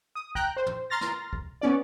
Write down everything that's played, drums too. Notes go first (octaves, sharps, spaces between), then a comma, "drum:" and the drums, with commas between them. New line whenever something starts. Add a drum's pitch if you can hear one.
D#6
G5 A#5 F#6 G6, drum: kick
C5
drum: tom
A#5 C6 F6 A6 A#6
drum: snare
drum: kick
B3 C#4 D5